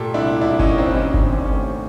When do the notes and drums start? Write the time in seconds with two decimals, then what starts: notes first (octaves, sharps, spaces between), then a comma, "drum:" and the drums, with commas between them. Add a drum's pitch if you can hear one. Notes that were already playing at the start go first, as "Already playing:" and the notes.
Already playing: A#2 A3 G4 A4
0.14 C2 D4 E4
0.41 C2 D4 E4
0.59 C#4 D#4, drum: kick G1
0.70 A#3
0.78 C4 D4
0.92 E4
0.96 C#3 C#4 D#4
1.14 C4 D4, drum: kick G1
1.23 D#2
1.33 C#4
1.45 C#4
1.51 A3 C4